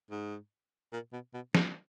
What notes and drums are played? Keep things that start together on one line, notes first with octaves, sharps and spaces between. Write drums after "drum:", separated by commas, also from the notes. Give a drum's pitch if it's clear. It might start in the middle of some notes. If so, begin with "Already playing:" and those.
G#2
A#2
B2
B2
G#2, drum: snare